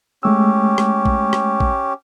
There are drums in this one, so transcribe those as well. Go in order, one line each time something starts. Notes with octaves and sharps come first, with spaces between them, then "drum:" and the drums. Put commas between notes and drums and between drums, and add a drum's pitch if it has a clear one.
G#3 A3 C#4 G4 E6
drum: rim click
drum: kick A1
drum: rim click
drum: kick A1